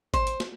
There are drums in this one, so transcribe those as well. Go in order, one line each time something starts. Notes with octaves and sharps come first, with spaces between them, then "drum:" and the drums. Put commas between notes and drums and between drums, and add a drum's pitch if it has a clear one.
C5, drum: kick A1, hi-hat
drum: hi-hat
drum: snare